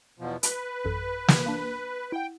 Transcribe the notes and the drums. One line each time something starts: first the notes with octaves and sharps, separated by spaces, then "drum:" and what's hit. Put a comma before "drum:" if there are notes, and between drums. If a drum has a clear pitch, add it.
E2 B2 F3
B4, drum: hi-hat
A1 F#2 A4
C3 E3, drum: snare
A#3 D4
E4 F#5 G5